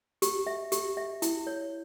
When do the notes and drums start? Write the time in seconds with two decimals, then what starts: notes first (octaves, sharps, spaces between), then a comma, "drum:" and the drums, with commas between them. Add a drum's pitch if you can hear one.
0.22 G4, drum: hi-hat
0.47 E5
0.72 G4, drum: hi-hat
0.97 E5
1.22 E4, drum: hi-hat
1.47 C#5